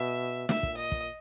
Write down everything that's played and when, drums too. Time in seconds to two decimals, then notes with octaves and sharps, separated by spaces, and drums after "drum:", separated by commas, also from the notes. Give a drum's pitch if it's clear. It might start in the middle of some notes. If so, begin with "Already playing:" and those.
Already playing: B2 E5
0.49 A#2 E5, drum: snare
0.63 drum: kick
0.77 D#5
0.92 drum: kick